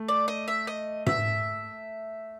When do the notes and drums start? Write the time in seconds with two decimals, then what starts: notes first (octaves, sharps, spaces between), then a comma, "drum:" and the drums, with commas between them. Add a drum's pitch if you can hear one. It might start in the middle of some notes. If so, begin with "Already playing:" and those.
Already playing: A3
0.08 D5
0.28 D#5
0.48 E5
0.67 D#5
1.07 E5, drum: tom